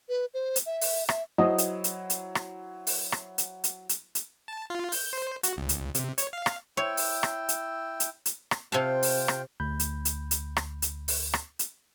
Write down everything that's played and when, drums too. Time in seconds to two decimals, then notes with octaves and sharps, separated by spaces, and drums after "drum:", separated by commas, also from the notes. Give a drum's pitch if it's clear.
0.09 B4
0.34 C5
0.56 drum: hi-hat
0.66 E5
0.81 drum: open hi-hat
1.09 E5, drum: rim click
1.38 F#3 E4 C5 D#5
1.58 drum: hi-hat
1.84 drum: hi-hat
2.10 drum: hi-hat
2.35 drum: rim click
2.87 drum: open hi-hat
3.12 drum: rim click
3.38 drum: hi-hat
3.64 drum: hi-hat
3.89 drum: hi-hat
4.15 drum: hi-hat
4.48 A5
4.70 F4
4.92 G6, drum: open hi-hat
5.13 C5
5.43 F#4, drum: hi-hat
5.57 C#2
5.69 drum: hi-hat
5.95 C3, drum: hi-hat
6.18 C#5, drum: hi-hat
6.33 F5
6.46 drum: rim click
6.77 E4 C#5 G5 E6
6.97 drum: open hi-hat
7.23 drum: rim click
7.49 drum: hi-hat
8.00 drum: hi-hat
8.26 drum: hi-hat
8.51 drum: rim click
8.72 C3 F4 F5 G5 A5
9.03 drum: open hi-hat
9.28 drum: rim click
9.60 D2 B5 G6
9.80 drum: hi-hat
10.05 drum: hi-hat
10.31 drum: hi-hat
10.57 drum: rim click
10.82 drum: hi-hat
11.08 drum: open hi-hat
11.34 drum: rim click
11.59 drum: hi-hat